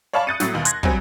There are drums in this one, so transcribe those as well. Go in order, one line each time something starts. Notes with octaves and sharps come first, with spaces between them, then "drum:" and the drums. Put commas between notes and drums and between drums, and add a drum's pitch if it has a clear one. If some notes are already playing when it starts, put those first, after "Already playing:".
C#5 D5 F5 A5 B5 C#6
D#6 F#6 G6 A6 C#7 D#7
A2 F#3, drum: snare
D#2 B2
C6 F#6 G#6 A#6, drum: hi-hat
A#1 F#3 G3 C4 G#5, drum: kick